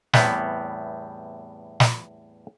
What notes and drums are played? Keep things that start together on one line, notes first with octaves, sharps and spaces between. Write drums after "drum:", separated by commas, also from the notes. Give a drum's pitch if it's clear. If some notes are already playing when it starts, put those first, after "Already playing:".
E2 A2 G3 B3 C4, drum: snare
drum: snare